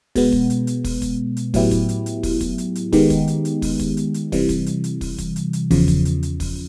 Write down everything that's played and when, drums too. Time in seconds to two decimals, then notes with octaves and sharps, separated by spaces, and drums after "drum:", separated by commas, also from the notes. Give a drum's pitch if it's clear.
0.15 B2 G#3 B3, drum: kick, open hi-hat
0.32 drum: kick
0.50 drum: hi-hat
0.67 drum: hi-hat
0.84 drum: kick, open hi-hat
1.02 drum: kick, hi-hat
1.37 drum: hi-hat
1.54 A2 F#3 B3 E4 G4, drum: kick, open hi-hat
1.71 drum: kick, hi-hat
1.89 drum: hi-hat
2.06 drum: hi-hat
2.23 drum: kick, open hi-hat
2.41 drum: kick, hi-hat
2.58 drum: hi-hat
2.75 drum: hi-hat
2.92 D#3 G#3 B3 D#4 G4, drum: kick, open hi-hat
3.10 drum: kick, hi-hat
3.27 drum: hi-hat
3.45 drum: hi-hat
3.62 drum: kick, open hi-hat
3.80 drum: kick, hi-hat
3.97 drum: hi-hat
4.14 drum: hi-hat
4.32 C3 E3 G3, drum: kick, open hi-hat
4.49 drum: kick, hi-hat
4.66 drum: hi-hat
4.84 drum: hi-hat
5.01 drum: kick, open hi-hat
5.18 drum: kick, hi-hat
5.36 drum: hi-hat
5.53 drum: hi-hat
5.71 E2 C#3 F3, drum: kick, open hi-hat
5.88 drum: kick, hi-hat
6.05 drum: hi-hat
6.23 drum: hi-hat
6.40 drum: kick, open hi-hat